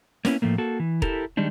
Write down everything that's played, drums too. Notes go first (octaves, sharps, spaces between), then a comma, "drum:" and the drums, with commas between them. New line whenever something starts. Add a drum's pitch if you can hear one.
A#3 B3 C#4 E4, drum: snare
A2 F3 A3 A#3
A#3 F#4 A4
E3
E4 G4 A4 A#4, drum: kick E1
D#3 G3 G#3 D4 D#4